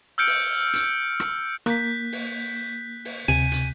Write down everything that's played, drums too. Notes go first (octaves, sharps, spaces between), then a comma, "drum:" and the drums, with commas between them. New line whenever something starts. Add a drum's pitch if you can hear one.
E6 F6 G6 C#7 D7
drum: open hi-hat
drum: hi-hat
drum: rim click
A#3 F#6 G6 B6, drum: rim click
drum: open hi-hat
drum: open hi-hat
D2 C3 G#5
drum: hi-hat